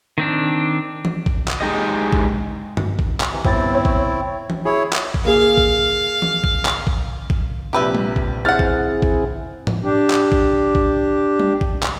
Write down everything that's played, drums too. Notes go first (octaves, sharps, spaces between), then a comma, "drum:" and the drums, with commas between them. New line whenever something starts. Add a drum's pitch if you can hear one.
D#3 C4 D4
drum: tom E3
drum: kick A1
drum: clap
G#3 D#4 G4 D#5
drum: kick A1
drum: tom G2
drum: kick A1
drum: clap
C3 E3
G1 C4 E4 A6, drum: kick A1
C#5
drum: kick A1
drum: tom E3
E4 G#4 C#5
drum: clap
drum: kick A1
A#3 G#4 F5
drum: kick A1
drum: tom E3
drum: kick A1
drum: clap
drum: kick A1
drum: kick A1
A#1 C3 G4 B4 E5
drum: tom G3
drum: kick A1
C4 E4 G#4 C5 F#5 F6 A6
drum: kick A1
drum: kick A1
drum: tom G#2
D4 G4
drum: clap
drum: kick A1
drum: kick A1
drum: tom G3
drum: kick A1
drum: clap